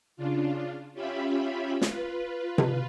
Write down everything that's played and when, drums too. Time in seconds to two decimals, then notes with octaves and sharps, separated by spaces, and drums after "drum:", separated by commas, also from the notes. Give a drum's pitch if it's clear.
0.17 C#3 D4 F4
0.94 C#4 F4 G4 E5 B5
1.81 F4 B4, drum: snare
2.58 drum: tom C3